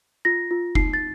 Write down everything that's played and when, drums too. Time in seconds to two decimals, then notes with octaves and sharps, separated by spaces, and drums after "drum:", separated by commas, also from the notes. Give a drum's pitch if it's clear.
0.25 F4 A#6
0.51 F4
0.75 D#4 C7, drum: kick F1
0.93 A6